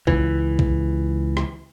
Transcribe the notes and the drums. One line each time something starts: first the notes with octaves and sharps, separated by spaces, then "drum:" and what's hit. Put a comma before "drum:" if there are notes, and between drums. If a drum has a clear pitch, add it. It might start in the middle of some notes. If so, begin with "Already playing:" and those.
C#2 E3, drum: kick B1
drum: kick B1
drum: rim click